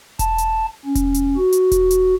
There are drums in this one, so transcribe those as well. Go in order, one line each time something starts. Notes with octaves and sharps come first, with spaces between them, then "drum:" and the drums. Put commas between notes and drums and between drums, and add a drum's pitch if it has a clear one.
A5, drum: kick E1, hi-hat
drum: hi-hat
C#4
drum: kick E1, hi-hat
drum: hi-hat
F#4
drum: hi-hat
drum: kick E1, hi-hat
drum: hi-hat